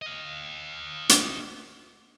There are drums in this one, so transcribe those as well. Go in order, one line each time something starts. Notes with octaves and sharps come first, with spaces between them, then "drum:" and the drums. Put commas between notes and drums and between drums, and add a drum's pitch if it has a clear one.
D#5 F5
drum: hi-hat